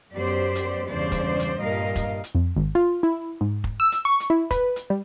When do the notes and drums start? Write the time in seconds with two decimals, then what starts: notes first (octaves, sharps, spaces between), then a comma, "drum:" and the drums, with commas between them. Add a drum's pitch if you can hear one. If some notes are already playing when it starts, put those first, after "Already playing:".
0.13 F#2 B3 G4 C5 D5
0.55 drum: hi-hat
0.89 E2 G2 C#3 C5 D5
1.12 drum: kick F1, hi-hat
1.40 drum: hi-hat
1.62 G2 A#2 G3 A#4 D#5 F5
1.96 drum: kick F1, hi-hat
2.24 drum: hi-hat
2.35 F2
2.56 G#1
2.75 F4
3.03 E4
3.41 G#2
3.64 drum: kick F1
3.80 E6
3.92 drum: hi-hat
4.05 C#6
4.20 drum: hi-hat
4.30 E4
4.51 B4, drum: kick F1, hi-hat
4.76 drum: hi-hat
4.90 G3